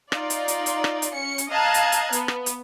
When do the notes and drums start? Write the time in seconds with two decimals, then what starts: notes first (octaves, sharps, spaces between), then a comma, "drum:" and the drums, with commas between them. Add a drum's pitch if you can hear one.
0.12 D#4 F4 D5, drum: rim click
0.30 drum: hi-hat
0.48 drum: hi-hat
0.66 drum: hi-hat
0.84 drum: rim click
1.02 drum: hi-hat
1.12 C#4 C#7
1.38 drum: hi-hat
1.49 D#5 F5 A5 A#5 F#6 G#6
1.74 drum: hi-hat
1.92 drum: hi-hat
2.12 B3, drum: hi-hat
2.28 drum: rim click
2.46 drum: hi-hat